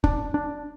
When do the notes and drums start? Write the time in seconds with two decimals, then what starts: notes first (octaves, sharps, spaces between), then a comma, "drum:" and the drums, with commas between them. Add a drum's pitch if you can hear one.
0.04 D4, drum: kick
0.34 D4